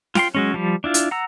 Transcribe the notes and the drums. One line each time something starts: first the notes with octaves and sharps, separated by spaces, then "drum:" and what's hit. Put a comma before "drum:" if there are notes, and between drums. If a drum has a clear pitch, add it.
F4 G5 C6, drum: snare
F#3 G#3 C#4
F3 G3
D4 E4 F4
drum: hi-hat
F#5 A#5 E6